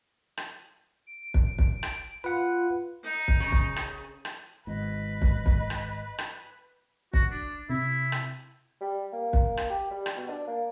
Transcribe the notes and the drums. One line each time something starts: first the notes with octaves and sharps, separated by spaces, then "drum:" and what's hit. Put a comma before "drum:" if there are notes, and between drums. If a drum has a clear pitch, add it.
drum: rim click
D7
drum: kick
drum: kick
drum: rim click
F4 B4 F#5
D#4
drum: kick
C#3
drum: kick
drum: rim click
drum: rim click
G#1 G#2 B4 D#5
drum: kick
drum: kick
drum: rim click
drum: rim click
F#4, drum: kick
D4
C3 E4
drum: rim click
G3
A#3
drum: kick
drum: rim click
G4
G3
drum: rim click
B2
D4
A#3